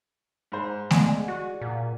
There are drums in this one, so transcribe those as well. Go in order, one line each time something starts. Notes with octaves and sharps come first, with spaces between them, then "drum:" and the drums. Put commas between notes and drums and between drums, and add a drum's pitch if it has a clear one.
G#2 C5
G#3 G#4 D5 F#5 G#5, drum: snare A3
F#4
A#2